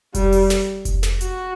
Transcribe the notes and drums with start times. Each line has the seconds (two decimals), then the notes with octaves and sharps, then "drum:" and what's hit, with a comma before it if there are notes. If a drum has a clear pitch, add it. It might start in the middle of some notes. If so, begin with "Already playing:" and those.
0.15 G3, drum: kick F1, hi-hat
0.32 drum: open hi-hat
0.50 drum: snare
0.85 drum: kick F1, hi-hat
1.03 drum: snare
1.21 F#4, drum: hi-hat